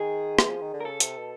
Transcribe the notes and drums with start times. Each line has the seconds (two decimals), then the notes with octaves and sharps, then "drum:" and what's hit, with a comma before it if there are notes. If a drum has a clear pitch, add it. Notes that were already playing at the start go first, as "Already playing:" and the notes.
Already playing: D#3 G#4
0.39 E3, drum: rim click
0.50 F3
0.61 D#3
0.74 D3
0.81 A#4
0.85 C#3 A4
1.00 C3, drum: hi-hat
1.17 B2